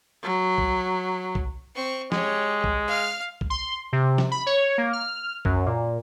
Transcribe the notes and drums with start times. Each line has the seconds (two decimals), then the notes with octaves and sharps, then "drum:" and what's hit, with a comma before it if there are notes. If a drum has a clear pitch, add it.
0.23 F#3
0.58 drum: kick C2
1.35 drum: kick C2
1.75 C4 C#6
2.12 G#3 G4 C#5, drum: snare
2.64 drum: kick C2
2.87 F5 F6
3.41 drum: kick C2
3.50 C6
3.93 C3
4.18 drum: snare
4.32 B5
4.46 C#5
4.78 A#3
4.93 F6
5.45 F#2, drum: kick C2
5.66 A#2